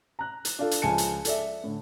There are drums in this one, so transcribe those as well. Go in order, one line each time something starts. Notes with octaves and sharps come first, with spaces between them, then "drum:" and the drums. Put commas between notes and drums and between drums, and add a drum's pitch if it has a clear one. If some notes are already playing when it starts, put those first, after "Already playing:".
A#5 F#6
drum: hi-hat
D4 F4 A4
drum: hi-hat
C#2 F3 F5 G#5 A5 C#7
drum: hi-hat
A4 D5 E5, drum: hi-hat
A2 D3